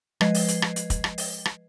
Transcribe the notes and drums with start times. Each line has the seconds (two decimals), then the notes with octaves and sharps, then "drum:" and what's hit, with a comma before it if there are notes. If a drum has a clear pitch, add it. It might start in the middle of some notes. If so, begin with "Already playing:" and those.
0.21 F3 G#3 B4 D#5 G#6 C7, drum: rim click
0.34 drum: open hi-hat
0.48 drum: hi-hat
0.62 drum: rim click
0.76 drum: hi-hat
0.90 drum: kick, hi-hat
1.04 drum: rim click
1.18 drum: open hi-hat
1.45 drum: rim click